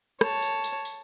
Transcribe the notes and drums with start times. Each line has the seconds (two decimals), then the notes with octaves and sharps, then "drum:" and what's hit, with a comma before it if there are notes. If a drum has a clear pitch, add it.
0.21 C#5 A5, drum: rim click
0.42 drum: tambourine
0.64 drum: tambourine
0.85 drum: tambourine